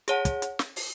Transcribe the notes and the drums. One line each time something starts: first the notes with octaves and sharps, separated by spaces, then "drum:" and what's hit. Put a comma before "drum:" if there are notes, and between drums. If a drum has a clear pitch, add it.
G#4 C#5 F#5 A5, drum: hi-hat
drum: kick, hi-hat
drum: hi-hat
drum: snare
drum: open hi-hat